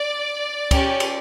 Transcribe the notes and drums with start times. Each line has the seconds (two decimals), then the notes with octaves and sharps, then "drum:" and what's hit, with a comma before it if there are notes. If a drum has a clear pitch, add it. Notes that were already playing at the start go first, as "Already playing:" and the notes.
Already playing: D5
0.71 C#4 G4, drum: kick, cymbal
1.00 drum: cymbal